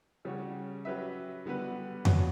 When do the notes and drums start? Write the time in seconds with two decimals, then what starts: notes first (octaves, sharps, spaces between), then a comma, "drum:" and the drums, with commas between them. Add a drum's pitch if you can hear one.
0.25 C#3 G3 C#4 F#4 C#5
0.85 F#3 C#4 G4 B4 E5
1.45 D3 G3 B3 F#4 B4
2.05 F#3 B3 F#4 C#5, drum: tom F2